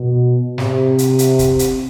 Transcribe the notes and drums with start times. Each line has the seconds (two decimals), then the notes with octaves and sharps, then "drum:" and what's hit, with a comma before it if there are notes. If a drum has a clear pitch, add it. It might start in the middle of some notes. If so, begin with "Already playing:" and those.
Already playing: B2
0.58 C3, drum: snare
0.98 drum: hi-hat
1.19 drum: hi-hat
1.39 drum: kick, hi-hat
1.59 drum: hi-hat